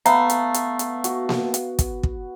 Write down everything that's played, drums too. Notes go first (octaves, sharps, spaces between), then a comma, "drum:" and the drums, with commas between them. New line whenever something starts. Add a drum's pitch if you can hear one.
A3 B3 F5 A#5, drum: hi-hat
drum: hi-hat
drum: hi-hat
drum: hi-hat
F#4, drum: hi-hat
drum: snare A#3
drum: hi-hat
drum: kick, hi-hat
drum: kick